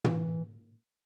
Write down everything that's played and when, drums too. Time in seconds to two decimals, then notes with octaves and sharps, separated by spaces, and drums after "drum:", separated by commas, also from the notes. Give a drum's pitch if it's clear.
0.04 E3, drum: tom